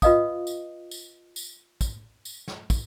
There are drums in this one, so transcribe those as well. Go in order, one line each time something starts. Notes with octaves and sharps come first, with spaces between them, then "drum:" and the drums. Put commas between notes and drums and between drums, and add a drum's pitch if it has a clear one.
F4 B4 D#5 F5 D#6, drum: kick, tambourine
drum: tambourine
drum: tambourine
drum: tambourine
drum: kick, tambourine
drum: tambourine
drum: snare
drum: kick, tambourine